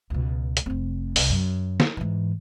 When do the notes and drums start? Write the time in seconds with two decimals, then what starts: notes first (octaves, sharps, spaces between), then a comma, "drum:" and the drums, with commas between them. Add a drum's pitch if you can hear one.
0.10 C#2 B2
0.57 drum: hi-hat
0.66 F1 C4
1.16 C2, drum: open hi-hat
1.30 F#2
1.80 drum: snare
1.97 G#2 E3